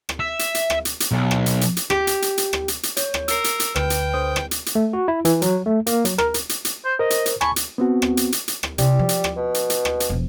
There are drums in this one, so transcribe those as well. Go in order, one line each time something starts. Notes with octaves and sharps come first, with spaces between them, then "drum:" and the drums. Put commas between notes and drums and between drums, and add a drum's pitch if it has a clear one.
drum: rim click
E5
drum: hi-hat
drum: hi-hat
drum: rim click
drum: hi-hat
drum: hi-hat
B1
drum: rim click
drum: hi-hat
drum: hi-hat
drum: hi-hat
G4, drum: rim click
drum: hi-hat
drum: hi-hat
drum: hi-hat
drum: rim click
drum: hi-hat
drum: hi-hat
C#5, drum: hi-hat
drum: rim click
A#4 E6 C7, drum: hi-hat
drum: hi-hat
drum: hi-hat
D2 B4 G5, drum: rim click
drum: hi-hat
D3 C5 D#6
drum: rim click
drum: hi-hat
drum: hi-hat
A3
F#4
E4
E3, drum: hi-hat
F#3, drum: hi-hat
A3
A#3, drum: hi-hat
F#3, drum: hi-hat
A#4, drum: rim click
drum: hi-hat
drum: hi-hat
drum: hi-hat
C5
A#4 C5 D#5
drum: hi-hat
drum: hi-hat
G#5 A5 B5 C#6, drum: rim click
drum: hi-hat
B3 C4 F#4
drum: rim click
drum: hi-hat
drum: hi-hat
drum: hi-hat
drum: rim click
C3 G3 E4, drum: hi-hat
F3
drum: hi-hat
drum: rim click
B2
drum: hi-hat
drum: hi-hat
drum: rim click
drum: hi-hat
E1 F3